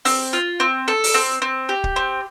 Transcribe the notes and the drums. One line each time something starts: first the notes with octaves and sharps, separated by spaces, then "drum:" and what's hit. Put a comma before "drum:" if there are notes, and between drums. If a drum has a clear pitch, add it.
C4, drum: open hi-hat
F4
C4
A4
drum: open hi-hat
C4
C4
G4
drum: kick
C4